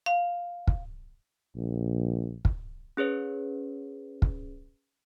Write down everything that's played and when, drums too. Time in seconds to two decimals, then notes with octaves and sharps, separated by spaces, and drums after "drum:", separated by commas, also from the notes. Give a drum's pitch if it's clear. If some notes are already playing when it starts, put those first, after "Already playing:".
0.06 F5
0.67 drum: kick
1.56 A#1
2.45 drum: kick
2.97 C#4 G#4 B4 C#5
4.22 drum: kick